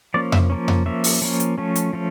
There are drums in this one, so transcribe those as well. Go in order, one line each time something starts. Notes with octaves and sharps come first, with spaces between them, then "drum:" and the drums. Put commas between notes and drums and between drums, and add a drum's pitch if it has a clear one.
F3 A#3 C#4 D5
E5, drum: tom F2
F3 A#3 C#4
drum: tom F2
F3 A#3 C#4 E5
drum: open hi-hat
F3 A#3 C#4
drum: hi-hat
F3 A3 C#4
drum: hi-hat
F3 A3 C#4